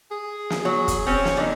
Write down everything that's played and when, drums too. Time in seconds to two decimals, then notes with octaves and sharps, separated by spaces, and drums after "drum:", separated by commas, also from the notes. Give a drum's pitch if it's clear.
0.11 G#4
0.50 drum: snare
0.65 F#3
0.88 drum: kick, hi-hat
1.06 C4 C#4
1.25 drum: snare
1.37 D3 D#4